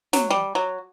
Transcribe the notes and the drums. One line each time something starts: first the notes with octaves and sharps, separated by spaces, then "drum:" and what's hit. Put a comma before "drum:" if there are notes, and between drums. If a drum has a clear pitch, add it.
F#3, drum: snare
G3
F#3